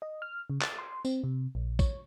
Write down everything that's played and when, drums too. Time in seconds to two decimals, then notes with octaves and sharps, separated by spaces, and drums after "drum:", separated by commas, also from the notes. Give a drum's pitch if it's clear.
0.02 D#5
0.22 F6
0.50 C#3
0.62 A6, drum: clap
0.78 C6
1.05 C4, drum: tambourine
1.24 C3
1.55 A#1
1.79 C#5, drum: kick A#1, tambourine